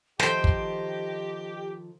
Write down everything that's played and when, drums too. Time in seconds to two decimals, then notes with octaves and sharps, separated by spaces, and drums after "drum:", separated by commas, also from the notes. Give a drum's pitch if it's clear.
0.19 D#3 F3 G4 A4 C5 D#5 G5, drum: snare
0.44 drum: kick